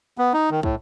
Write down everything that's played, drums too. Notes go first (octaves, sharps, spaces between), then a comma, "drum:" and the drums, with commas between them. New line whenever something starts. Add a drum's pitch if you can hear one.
B3
D#4
D#3
A2, drum: kick